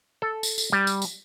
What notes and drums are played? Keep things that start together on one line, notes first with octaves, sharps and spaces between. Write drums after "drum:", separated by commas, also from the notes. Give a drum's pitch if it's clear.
A4
drum: tambourine
drum: tambourine
G3
drum: tambourine
drum: tambourine